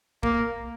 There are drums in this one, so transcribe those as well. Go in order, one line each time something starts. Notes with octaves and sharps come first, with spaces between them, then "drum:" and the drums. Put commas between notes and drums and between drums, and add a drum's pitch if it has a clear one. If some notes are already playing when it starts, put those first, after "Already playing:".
A#3, drum: kick B1